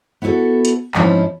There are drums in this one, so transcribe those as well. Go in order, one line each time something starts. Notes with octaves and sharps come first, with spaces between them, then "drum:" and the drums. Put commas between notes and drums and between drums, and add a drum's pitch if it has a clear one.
B3 E4 F#4 G#4 A4
drum: hi-hat
G#2 F3 C4 C#4 D#4 E4, drum: clap